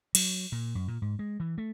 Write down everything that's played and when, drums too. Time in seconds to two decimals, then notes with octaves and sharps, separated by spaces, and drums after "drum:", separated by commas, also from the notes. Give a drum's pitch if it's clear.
0.15 F#3, drum: cymbal
0.52 A#2
0.75 F#2
0.88 A#2
1.02 G#2
1.19 G#3
1.40 E3
1.58 A3